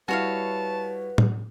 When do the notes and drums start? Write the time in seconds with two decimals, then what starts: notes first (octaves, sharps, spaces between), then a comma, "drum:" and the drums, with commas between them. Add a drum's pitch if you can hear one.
0.08 G3 E4 F#4 B4 C#5 F5 A5
1.18 drum: tom A2